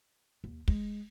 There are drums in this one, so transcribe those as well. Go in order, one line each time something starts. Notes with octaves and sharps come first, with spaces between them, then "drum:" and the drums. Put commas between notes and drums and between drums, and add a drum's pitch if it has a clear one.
D#2
G#3, drum: kick